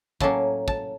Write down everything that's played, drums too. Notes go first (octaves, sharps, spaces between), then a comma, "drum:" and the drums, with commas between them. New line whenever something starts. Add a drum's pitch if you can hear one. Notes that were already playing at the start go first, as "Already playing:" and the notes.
A2 F#3 A#3 C#4 A5, drum: kick
A5, drum: kick